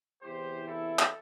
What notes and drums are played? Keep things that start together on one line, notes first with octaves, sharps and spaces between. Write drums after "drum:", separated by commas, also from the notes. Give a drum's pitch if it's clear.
E2 C3 E3 G4 C5
E4 A4
drum: clap